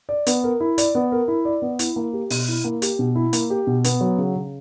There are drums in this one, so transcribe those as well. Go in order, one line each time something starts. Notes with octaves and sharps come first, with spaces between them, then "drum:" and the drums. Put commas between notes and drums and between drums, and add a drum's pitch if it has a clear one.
D5
B3, drum: hi-hat
A#4
E4
D5, drum: hi-hat
B3
A#4
E4
D5
B3
E4, drum: hi-hat
A#3
G4
B2, drum: open hi-hat
E4
A#3
G4, drum: hi-hat
B2
E4
A#3, drum: hi-hat
G4
B2
B3, drum: hi-hat
F#3
C#3
C#3